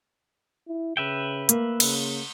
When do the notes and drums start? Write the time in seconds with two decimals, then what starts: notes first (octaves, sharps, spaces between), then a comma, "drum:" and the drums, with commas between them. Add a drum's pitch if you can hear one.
0.68 E4
0.97 C#3 B4 E5 G5
1.49 A#3, drum: hi-hat
1.80 C#3, drum: cymbal